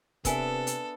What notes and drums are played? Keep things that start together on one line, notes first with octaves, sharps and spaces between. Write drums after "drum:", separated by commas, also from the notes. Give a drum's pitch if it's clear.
C3 B3 D4 A4 A#4 E5 G#5, drum: kick, hi-hat
drum: hi-hat